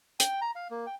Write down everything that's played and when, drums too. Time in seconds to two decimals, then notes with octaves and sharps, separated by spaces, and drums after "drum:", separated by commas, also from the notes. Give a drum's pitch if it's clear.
0.20 G5, drum: hi-hat
0.42 A#5
0.56 F5
0.71 A#3
0.86 G5